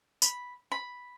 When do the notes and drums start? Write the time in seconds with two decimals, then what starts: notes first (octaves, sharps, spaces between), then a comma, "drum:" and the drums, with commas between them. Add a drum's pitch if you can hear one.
0.22 B5, drum: tambourine
0.72 B5